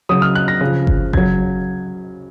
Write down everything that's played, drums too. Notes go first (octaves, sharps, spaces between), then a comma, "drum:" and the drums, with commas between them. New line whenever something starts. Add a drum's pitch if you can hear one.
C#3 F#3 D#6
F6
F#6
A#6
C#3 F3
drum: kick G1
C#3 F#3 G#6, drum: kick G1